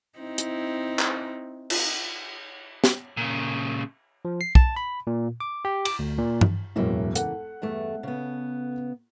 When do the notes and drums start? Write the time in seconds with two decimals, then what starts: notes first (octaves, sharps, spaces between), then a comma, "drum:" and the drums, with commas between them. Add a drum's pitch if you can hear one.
0.19 C4 D#4 E4
0.38 drum: hi-hat
0.99 drum: clap
1.70 drum: cymbal
2.84 drum: snare
3.17 A#2 C#3
4.25 F3
4.41 C7
4.55 A5, drum: kick
4.76 B5
5.07 A#2
5.40 D6
5.65 G4
5.85 D6, drum: cymbal
5.99 D2
6.18 A#2
6.41 drum: tom G2
6.76 E1 F#2 A2 C#3 E3 A#3
7.15 A4 F#5, drum: hi-hat
7.62 E2 G2 A3
8.03 C#3 B3